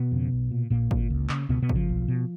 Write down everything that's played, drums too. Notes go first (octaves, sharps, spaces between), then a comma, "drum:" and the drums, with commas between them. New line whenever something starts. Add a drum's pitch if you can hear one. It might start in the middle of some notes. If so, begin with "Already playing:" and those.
Already playing: B2 B3
F2 C#3
B1
A#2
A#1 A#2 A#3
A#2, drum: kick
C#2
C#3, drum: clap
C#2 B2 B3
B2 B3
C#3, drum: kick
F3
B1
B2